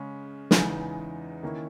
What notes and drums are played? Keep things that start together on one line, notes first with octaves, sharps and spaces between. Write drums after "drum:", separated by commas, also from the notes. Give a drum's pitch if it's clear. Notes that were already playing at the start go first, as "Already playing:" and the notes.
Already playing: C#3 G#3 C#4
E2 C#3 E3 G#3 D#4, drum: snare
D#3 A#3 C#4 E4